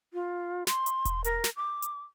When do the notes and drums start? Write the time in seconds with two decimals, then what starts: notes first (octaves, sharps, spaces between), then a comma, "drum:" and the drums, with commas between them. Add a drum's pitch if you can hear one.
0.13 F4
0.67 C6, drum: snare
0.86 drum: hi-hat
1.05 drum: kick E1, hi-hat
1.24 A#4, drum: hi-hat
1.44 drum: snare
1.56 D6
1.82 drum: hi-hat